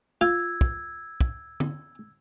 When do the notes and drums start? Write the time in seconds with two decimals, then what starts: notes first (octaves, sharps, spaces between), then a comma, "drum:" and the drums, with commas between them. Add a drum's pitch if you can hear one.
0.21 F4 E6 G#6
0.61 drum: kick
1.21 drum: kick
1.60 drum: tom D3